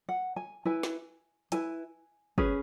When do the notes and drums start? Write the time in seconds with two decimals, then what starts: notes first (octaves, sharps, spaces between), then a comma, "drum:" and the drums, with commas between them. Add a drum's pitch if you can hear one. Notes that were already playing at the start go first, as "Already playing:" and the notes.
0.09 F#5
0.36 G#5
0.65 E4 B4 G#5
0.83 drum: snare
1.52 E4 B4 G#5, drum: hi-hat
2.38 C#4 G#4 B4, drum: kick